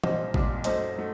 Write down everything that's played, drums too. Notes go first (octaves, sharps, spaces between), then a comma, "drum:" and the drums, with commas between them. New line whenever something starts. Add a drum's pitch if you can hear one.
C2 A#2 G3 C5 D#5, drum: tom
C2 A#2 G3, drum: kick
F#2 F#3 A3 C5 D#5, drum: hi-hat
F#3 A3